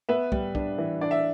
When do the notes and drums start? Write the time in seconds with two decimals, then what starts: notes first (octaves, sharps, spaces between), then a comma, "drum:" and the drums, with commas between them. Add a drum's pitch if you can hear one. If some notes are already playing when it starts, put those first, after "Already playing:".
0.09 B3 B4 E5
0.32 G3, drum: kick
0.55 D4, drum: kick
0.78 E3
1.01 D4 D5
1.11 E5